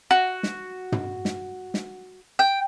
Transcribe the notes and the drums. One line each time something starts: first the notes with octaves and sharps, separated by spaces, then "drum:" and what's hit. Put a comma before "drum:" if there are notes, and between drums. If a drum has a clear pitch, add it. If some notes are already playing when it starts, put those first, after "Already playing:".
F#4
drum: snare
drum: tom
drum: snare
drum: snare
G5